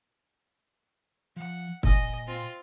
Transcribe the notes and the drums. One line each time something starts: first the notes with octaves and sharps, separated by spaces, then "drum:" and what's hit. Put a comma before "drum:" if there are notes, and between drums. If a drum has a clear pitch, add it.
F3 F#5
A#2 D#5 G#5, drum: kick
C4 F4